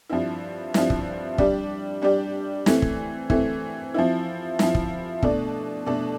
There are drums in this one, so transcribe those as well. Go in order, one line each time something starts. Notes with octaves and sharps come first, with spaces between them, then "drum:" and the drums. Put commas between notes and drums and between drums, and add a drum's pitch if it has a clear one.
G2 F3 C4 E4
G2 F3 C4 E4, drum: snare
drum: kick
G3 D4 G4 D5, drum: kick
G3 D4 G4 D5
E3 A3 C4, drum: snare
drum: kick
E3 A3 C4, drum: kick
F3 C4 E4
F3 C4 E4, drum: snare
drum: kick
B2 A3 D4 A4 D5, drum: kick
B2 A3 D4 A4 D5